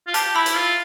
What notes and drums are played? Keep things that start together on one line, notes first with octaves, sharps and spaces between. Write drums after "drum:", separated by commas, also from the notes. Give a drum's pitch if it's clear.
F4
G4 A5, drum: hi-hat
E4 B5
drum: hi-hat
F4